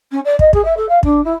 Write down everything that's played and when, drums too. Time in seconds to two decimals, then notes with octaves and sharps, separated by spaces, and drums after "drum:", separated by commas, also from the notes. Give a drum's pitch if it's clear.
0.11 C#4
0.24 D5
0.39 D#5, drum: kick
0.53 G#4, drum: kick
0.64 E5
0.76 A4
0.88 F5
1.03 D4, drum: kick
1.24 E4